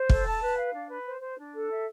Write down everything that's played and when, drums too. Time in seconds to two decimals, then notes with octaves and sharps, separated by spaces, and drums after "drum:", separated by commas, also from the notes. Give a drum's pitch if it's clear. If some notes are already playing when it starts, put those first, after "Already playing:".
Already playing: C5
0.09 A4, drum: kick
0.26 A5
0.41 B4
0.57 F5
0.73 D4
0.89 B4
1.06 C5
1.21 C5
1.37 D4
1.53 A4
1.70 E5